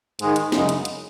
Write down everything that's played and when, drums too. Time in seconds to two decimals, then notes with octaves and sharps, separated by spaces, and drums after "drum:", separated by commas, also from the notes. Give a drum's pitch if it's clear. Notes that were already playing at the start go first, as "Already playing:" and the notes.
0.19 G#2 D#3 G#3, drum: hi-hat
0.36 drum: hi-hat
0.52 F#2 C#3 G#3 D#4, drum: snare
0.69 drum: hi-hat
0.85 drum: hi-hat